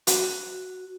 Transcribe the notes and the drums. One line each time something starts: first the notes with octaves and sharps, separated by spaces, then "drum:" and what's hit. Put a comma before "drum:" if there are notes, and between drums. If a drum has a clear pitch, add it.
F#4, drum: hi-hat